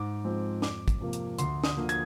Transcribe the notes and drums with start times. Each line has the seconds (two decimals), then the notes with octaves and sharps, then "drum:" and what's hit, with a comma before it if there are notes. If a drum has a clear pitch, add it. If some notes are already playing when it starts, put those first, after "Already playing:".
Already playing: G#2 D6
0.24 F3 G#3 C4
0.62 F2 D6, drum: snare
0.88 drum: kick, hi-hat
1.00 C3 F3 A#3
1.13 drum: hi-hat
1.39 D2 C6, drum: hi-hat
1.64 D#6, drum: snare
1.77 D3 F3 A#3
1.89 G#6, drum: hi-hat